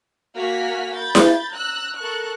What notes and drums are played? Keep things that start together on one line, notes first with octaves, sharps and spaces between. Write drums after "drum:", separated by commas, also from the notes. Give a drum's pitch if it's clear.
A#3 F#4 G#5 F6 B6
B5 G6 A6
drum: snare E4
A#5 E6 F#6
A4 A#4 A5 C#6 F#6